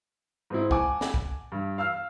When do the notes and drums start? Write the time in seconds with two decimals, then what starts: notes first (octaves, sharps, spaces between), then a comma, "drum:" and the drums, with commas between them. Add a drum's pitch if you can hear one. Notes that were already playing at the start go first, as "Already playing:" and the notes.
0.50 G#2 C4 E4
0.71 F#5 G#5 A5 D6, drum: kick
1.01 drum: snare
1.14 drum: kick
1.52 G2
1.78 F5 E6 F6